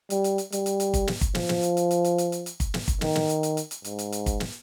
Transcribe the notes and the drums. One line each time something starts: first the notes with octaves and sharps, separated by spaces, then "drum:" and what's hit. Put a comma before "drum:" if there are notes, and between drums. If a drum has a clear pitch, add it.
G3, drum: hi-hat
drum: hi-hat
drum: hi-hat
G3, drum: hi-hat
drum: hi-hat
drum: hi-hat
drum: kick, hi-hat
drum: snare
drum: kick, hi-hat
F3, drum: snare
drum: snare
drum: hi-hat
drum: hi-hat
drum: hi-hat
drum: hi-hat
drum: hi-hat
drum: hi-hat
drum: hi-hat
drum: kick, hi-hat
drum: snare
drum: kick, hi-hat
D#3, drum: snare
drum: snare
drum: hi-hat
drum: hi-hat
drum: hi-hat
drum: hi-hat
G#2, drum: hi-hat
drum: hi-hat
drum: hi-hat
drum: kick, hi-hat
drum: snare